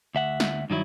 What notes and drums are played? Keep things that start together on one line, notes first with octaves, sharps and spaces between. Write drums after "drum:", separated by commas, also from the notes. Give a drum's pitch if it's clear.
D2 E5 F#5
drum: snare
G2 D#3 F#3 E4